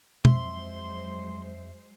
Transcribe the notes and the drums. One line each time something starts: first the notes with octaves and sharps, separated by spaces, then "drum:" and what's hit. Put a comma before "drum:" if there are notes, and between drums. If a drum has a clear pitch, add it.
F2 F#3 G#3 C5 E5 C6, drum: tom